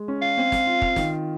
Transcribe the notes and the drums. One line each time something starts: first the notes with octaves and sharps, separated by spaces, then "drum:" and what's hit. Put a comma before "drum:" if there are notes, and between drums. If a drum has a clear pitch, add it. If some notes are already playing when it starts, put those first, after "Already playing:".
Already playing: G#3
C#4
F5
C4
drum: snare
F4
drum: kick
D#3, drum: snare